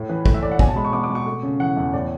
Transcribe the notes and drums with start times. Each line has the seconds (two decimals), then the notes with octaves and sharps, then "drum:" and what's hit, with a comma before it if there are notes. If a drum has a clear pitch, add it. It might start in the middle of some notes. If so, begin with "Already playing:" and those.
Already playing: A2
0.09 E3 B4
0.26 A3, drum: kick
0.34 E5
0.42 A2 D5
0.51 F#5
0.59 B2 G#5, drum: kick
0.68 A5
0.76 G#3 B5
0.85 C#6
0.93 B3 D6
1.04 D6
1.09 B2
1.15 C#6
1.26 A3
1.43 C#3
1.60 E3 F#5
1.76 E2 E5
1.93 A2 D5